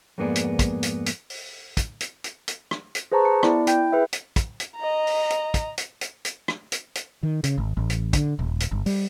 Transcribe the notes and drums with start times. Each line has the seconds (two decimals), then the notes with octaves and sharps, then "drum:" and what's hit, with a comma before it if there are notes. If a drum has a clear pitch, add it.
0.18 F2 G#2 A#3 B3 G#4 D5
0.36 drum: hi-hat
0.59 drum: kick, hi-hat
0.83 drum: hi-hat
1.06 drum: hi-hat
1.30 drum: open hi-hat
1.77 drum: kick, hi-hat
2.01 drum: hi-hat
2.24 drum: hi-hat
2.48 drum: hi-hat
2.71 drum: rim click
2.95 drum: hi-hat
3.12 G#4 B4 C5 A5 A#5 C#6
3.25 A5 C#7
3.43 B3 E4 D5, drum: rim click
3.67 E4 G5 G6, drum: hi-hat
3.92 G#4 B4 E5
4.13 drum: hi-hat
4.36 drum: kick, hi-hat
4.60 drum: hi-hat
4.77 D#5 A#5
5.07 drum: open hi-hat
5.30 drum: hi-hat
5.54 drum: kick, hi-hat
5.78 drum: hi-hat
6.01 drum: hi-hat
6.25 drum: hi-hat
6.48 drum: rim click
6.72 drum: hi-hat
6.95 drum: hi-hat
7.23 D#3
7.44 C#3, drum: hi-hat
7.58 G#1
7.77 A1
7.90 drum: hi-hat
8.13 D3, drum: kick, hi-hat
8.39 D#1
8.60 drum: hi-hat
8.71 G1
8.86 G3, drum: open hi-hat